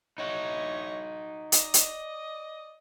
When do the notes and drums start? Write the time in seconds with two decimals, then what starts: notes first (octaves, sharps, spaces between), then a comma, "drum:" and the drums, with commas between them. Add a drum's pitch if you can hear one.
0.18 D#4 E4 F#4 C#5 D#5
1.52 D5 D#5, drum: hi-hat
1.74 drum: hi-hat